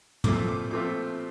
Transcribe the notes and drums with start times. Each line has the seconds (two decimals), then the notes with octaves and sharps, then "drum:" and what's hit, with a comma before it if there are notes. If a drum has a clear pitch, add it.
0.24 A#2 F3 A3 C4 F4 D6, drum: tom
0.48 D6
0.71 A#2 F3 A3 C4 F4 D6